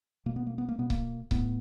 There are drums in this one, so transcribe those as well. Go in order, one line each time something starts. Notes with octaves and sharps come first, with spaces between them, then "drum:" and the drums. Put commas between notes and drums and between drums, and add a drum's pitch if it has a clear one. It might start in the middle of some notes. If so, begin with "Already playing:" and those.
B2 A#3
B3
A#3
B3
A#3
B2 B3
A#3, drum: kick C#1
A2 B3, drum: kick C#1